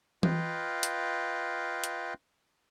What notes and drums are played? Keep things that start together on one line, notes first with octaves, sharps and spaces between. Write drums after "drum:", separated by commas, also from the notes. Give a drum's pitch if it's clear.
F4 B4 D#5 F5 G5, drum: tom E3
drum: hi-hat
drum: hi-hat